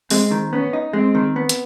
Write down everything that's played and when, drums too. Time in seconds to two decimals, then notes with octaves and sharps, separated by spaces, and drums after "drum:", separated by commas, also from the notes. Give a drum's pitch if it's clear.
0.10 G#3 C4, drum: open hi-hat
0.31 D#3
0.53 B3 C#4
0.73 D#4
0.93 G#3 C4
1.15 D#3
1.36 B3
1.49 drum: hi-hat